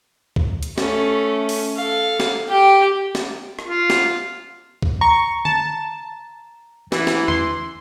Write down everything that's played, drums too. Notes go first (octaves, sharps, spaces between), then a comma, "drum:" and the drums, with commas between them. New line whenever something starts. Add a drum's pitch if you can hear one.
drum: kick
drum: hi-hat
A3 C#4, drum: snare
drum: open hi-hat
A4 F5
drum: snare
G4 G5
drum: snare
drum: rim click
F4
drum: snare
drum: kick
A#5 C#6
A5, drum: tom D3
E3, drum: snare
drum: snare
C6, drum: tom E2